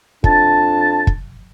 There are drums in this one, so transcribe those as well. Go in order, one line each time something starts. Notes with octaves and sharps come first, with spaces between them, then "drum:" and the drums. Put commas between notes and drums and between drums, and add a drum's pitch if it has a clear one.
F2 D4 A5, drum: kick
drum: kick